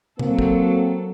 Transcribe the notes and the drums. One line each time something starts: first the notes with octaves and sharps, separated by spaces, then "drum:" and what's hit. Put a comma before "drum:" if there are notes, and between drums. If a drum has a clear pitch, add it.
F#3 A#3 C4 A4, drum: tom
drum: kick